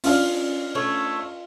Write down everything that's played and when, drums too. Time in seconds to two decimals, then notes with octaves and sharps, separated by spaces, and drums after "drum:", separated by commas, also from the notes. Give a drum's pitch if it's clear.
0.04 C#4 D4 F4 F5, drum: open hi-hat
0.75 A3 C#5